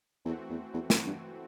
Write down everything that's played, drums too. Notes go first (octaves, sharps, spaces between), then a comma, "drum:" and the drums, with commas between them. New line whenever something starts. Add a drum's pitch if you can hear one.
E2 E3 A3 C4 F#4
E2
E2
F#2, drum: snare
G2